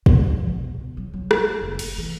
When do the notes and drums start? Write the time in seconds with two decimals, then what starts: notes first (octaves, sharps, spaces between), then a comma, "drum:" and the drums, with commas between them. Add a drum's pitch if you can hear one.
0.06 B3, drum: kick
0.24 F3
0.49 B2
0.80 B2
0.97 F#3
1.14 F#3
1.31 drum: rim click
1.61 F#1
1.79 A3, drum: cymbal
1.98 E3